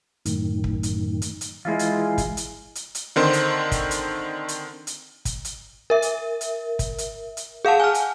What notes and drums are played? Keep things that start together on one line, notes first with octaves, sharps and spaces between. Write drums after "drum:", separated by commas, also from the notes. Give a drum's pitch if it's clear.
F#2 A2 D#3, drum: hi-hat
drum: kick
drum: hi-hat
drum: hi-hat
drum: hi-hat
E3 G#3 E4 F4
drum: hi-hat
drum: kick, hi-hat
drum: hi-hat
drum: hi-hat
drum: hi-hat
D3 D#3 C4 C5
drum: hi-hat
drum: kick, hi-hat
drum: hi-hat
drum: hi-hat
drum: hi-hat
drum: kick, hi-hat
drum: hi-hat
A#4 E5
drum: hi-hat
drum: hi-hat
drum: kick, hi-hat
drum: hi-hat
drum: hi-hat
G#4 F5 F#5 A5
G#5 F6
drum: hi-hat